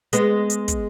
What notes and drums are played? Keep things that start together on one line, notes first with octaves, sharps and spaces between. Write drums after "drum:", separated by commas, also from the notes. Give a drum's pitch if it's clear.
G#3 B3, drum: hi-hat
drum: hi-hat
drum: kick, hi-hat